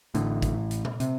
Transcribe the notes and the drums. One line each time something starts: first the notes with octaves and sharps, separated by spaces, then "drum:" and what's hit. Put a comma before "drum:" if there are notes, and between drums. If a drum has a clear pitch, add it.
A1 A2 D3, drum: hi-hat
drum: kick, hi-hat
drum: hi-hat
drum: tom A#2
C3, drum: hi-hat